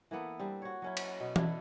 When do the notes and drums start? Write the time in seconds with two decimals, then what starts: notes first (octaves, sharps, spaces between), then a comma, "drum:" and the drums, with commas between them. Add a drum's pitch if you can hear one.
0.11 E3 A#3 B3 A4
0.40 G3 C4 D4
0.62 F#4 C#5
0.82 F#3 C#4 E4
0.97 drum: cymbal
1.20 B2
1.36 D4 E4 A4, drum: tom E3